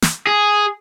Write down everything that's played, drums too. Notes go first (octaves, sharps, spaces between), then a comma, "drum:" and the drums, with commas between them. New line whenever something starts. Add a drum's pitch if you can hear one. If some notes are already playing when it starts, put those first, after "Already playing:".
drum: snare
G#4